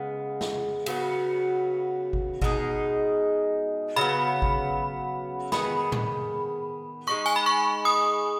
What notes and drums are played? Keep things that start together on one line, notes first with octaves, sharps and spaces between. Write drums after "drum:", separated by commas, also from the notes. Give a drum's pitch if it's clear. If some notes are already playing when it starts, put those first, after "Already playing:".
Already playing: C#3 G#3 B3 G#4
drum: snare
C#3 F#3 B3 F#4, drum: cymbal
drum: kick G#1
B2 G#3 D#4 G#4, drum: kick G#1
C#3 F#3 B3 B5
drum: kick G#1
D#3 B3 G#4 B5, drum: snare
drum: tom A2
G#3 D#4 G#4 C#6
G#5, drum: tambourine
B5
C#6
D#6